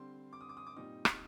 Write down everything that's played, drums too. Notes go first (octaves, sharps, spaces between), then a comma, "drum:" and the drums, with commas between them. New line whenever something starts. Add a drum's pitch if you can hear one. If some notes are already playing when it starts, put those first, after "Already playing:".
Already playing: D3 G3 C4 C6
D6
D#6
D6
D#6
D6
A#2 G3 C4 D#4 D#6
drum: rim click